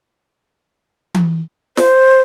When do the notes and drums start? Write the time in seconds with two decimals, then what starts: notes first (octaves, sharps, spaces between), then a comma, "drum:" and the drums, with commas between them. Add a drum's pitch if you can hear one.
1.14 drum: tom E3
1.77 C5, drum: snare